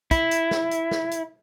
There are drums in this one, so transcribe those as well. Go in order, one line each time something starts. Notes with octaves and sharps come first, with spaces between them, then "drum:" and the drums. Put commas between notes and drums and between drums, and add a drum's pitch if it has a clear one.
E4, drum: kick, hi-hat
drum: hi-hat
drum: snare
drum: hi-hat
drum: snare
drum: hi-hat